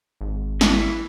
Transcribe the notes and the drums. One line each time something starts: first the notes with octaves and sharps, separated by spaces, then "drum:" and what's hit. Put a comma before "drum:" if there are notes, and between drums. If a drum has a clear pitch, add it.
G#1
E3, drum: snare